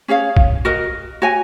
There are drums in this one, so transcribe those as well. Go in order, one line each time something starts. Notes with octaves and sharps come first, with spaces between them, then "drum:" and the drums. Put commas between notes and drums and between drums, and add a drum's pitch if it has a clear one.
C#4 G#4 C#5 F5
drum: kick
F#4 A#4 D#5
F#4 C#5 G#5